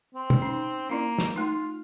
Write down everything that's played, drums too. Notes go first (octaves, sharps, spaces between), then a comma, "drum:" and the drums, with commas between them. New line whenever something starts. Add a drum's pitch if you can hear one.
C4
drum: tom
C#4 D#4
A#3 C#4 E4 D5
drum: snare
A3 D#4 F4